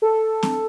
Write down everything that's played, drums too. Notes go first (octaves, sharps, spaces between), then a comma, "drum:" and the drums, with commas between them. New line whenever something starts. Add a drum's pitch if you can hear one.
A4
drum: snare